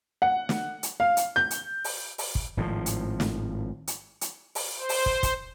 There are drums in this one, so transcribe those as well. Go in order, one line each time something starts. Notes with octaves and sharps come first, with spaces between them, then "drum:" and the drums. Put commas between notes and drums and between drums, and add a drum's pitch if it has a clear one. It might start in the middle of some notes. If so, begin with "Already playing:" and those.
F#5
drum: snare
drum: hi-hat
F5
drum: hi-hat
G6
drum: hi-hat
drum: open hi-hat
drum: open hi-hat
drum: kick
G#1 A2 C#3 F3
drum: hi-hat
drum: snare
drum: hi-hat
drum: hi-hat
drum: open hi-hat
C5
drum: open hi-hat
drum: kick
drum: kick, hi-hat